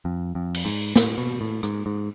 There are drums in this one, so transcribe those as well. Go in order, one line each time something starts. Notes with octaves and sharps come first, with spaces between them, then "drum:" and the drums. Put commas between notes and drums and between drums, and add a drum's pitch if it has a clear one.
F2
F2
drum: cymbal
G#2
A2, drum: snare
B2
A2
G#2, drum: rim click
G#2